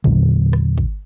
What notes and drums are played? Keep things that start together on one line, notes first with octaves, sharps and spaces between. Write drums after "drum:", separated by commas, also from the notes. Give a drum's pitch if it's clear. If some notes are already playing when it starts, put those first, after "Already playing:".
E2 A#2 D3 F#3, drum: kick
drum: rim click
drum: kick